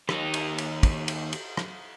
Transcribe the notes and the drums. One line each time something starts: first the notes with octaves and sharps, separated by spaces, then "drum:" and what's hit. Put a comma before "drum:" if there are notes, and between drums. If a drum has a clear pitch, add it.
D#2 D#4, drum: rim click
drum: cymbal
drum: cymbal
drum: kick, cymbal
drum: cymbal
drum: cymbal
drum: rim click